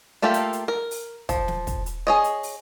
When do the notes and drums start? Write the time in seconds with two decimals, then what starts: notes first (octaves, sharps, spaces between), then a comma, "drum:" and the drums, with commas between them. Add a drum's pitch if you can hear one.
0.22 A3 A#3 F4 G4 A4
0.34 drum: hi-hat
0.53 drum: hi-hat
0.68 A#4
0.91 drum: open hi-hat
1.29 F3, drum: kick, hi-hat
1.48 drum: snare
1.67 drum: kick, hi-hat
1.86 drum: hi-hat
2.07 G#4 C#5 D#5
2.24 drum: hi-hat
2.43 drum: open hi-hat